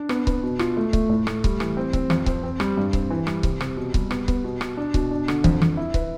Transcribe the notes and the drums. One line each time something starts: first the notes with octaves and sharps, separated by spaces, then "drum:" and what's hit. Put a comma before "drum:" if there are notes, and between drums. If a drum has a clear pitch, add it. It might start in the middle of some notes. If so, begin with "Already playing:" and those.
Already playing: D4
B3, drum: rim click
B3, drum: kick C#1
B2
F4, drum: rim click
A3
A3, drum: kick C#1
A2
A3, drum: rim click
G3, drum: kick C#1
E3, drum: rim click
C4
C4, drum: kick C#1
F2, drum: rim click
C4, drum: kick C#1
C4
G3, drum: rim click
G2
C4, drum: kick C#1
E3
G3, drum: rim click
C3, drum: kick C#1
C3, drum: rim click
B2
G3, drum: kick C#1
B3, drum: rim click
B3, drum: kick C#1
B2
B2, drum: rim click
D4
B2, drum: kick C#1
D4
D3, drum: rim click
F2, drum: kick C#1
F2, drum: rim click
E4
B4, drum: kick C#1